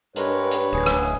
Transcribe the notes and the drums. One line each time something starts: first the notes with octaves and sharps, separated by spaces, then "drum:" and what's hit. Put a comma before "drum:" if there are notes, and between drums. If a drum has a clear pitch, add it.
G2 G#3 A#4 B4 C#5, drum: hi-hat
drum: hi-hat
D1 G#4
drum: rim click